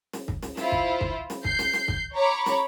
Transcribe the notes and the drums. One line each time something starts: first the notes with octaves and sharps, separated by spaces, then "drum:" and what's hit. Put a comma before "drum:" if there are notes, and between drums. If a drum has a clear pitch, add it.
drum: snare
drum: kick C2
drum: snare
E4 F4 C5, drum: snare
drum: kick C2
drum: kick C2
drum: snare
G6 C7, drum: kick C2
drum: snare
drum: snare
drum: kick C2
C#5 A#5 B5 C#6 D6
drum: snare